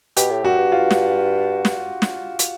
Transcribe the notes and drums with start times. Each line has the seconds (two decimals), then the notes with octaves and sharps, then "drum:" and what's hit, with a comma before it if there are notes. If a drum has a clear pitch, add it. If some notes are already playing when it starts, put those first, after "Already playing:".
0.17 B2 G4, drum: hi-hat
0.31 A2
0.44 F#2 F#4
0.58 G2
0.72 F4
0.91 drum: snare
1.65 drum: snare
2.02 drum: snare
2.39 drum: hi-hat